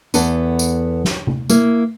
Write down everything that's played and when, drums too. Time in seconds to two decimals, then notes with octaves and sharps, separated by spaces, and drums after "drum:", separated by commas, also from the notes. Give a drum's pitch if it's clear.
0.14 E2 B3 A4 B4, drum: tambourine
0.59 drum: tambourine
1.05 drum: snare
1.27 drum: tom C3
1.49 A#3 E4, drum: tambourine